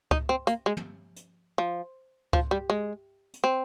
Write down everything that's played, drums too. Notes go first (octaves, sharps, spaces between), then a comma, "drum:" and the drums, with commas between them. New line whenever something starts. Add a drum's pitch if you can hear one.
D#4, drum: kick C#2
C4
A#3, drum: hi-hat
G#3
drum: tom
drum: hi-hat
F3
F3, drum: kick C#2
G3
G#3
drum: hi-hat
C4